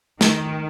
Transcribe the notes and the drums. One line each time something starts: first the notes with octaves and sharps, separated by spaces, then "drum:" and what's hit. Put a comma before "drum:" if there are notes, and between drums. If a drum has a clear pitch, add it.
D#3, drum: snare